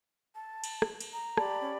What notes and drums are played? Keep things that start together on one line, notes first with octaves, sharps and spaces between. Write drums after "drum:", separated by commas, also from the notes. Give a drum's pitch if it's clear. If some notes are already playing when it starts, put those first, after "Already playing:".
A5
drum: cymbal
drum: rim click
drum: cymbal
A#5
G4 D5 A5 B5, drum: rim click
C#4